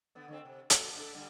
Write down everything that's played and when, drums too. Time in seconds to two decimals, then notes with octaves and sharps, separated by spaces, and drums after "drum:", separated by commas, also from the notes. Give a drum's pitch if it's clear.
0.15 D3 B3
0.28 D3 A3 C4
0.45 C3
0.70 C#4 F#4 A4, drum: hi-hat
0.96 D4 A4
1.15 D3 G3